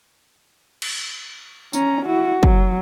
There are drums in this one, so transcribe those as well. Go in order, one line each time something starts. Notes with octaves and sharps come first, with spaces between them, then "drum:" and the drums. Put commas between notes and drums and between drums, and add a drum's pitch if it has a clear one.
drum: cymbal
C#4 A#5, drum: tambourine
E4 F#4
F#3, drum: kick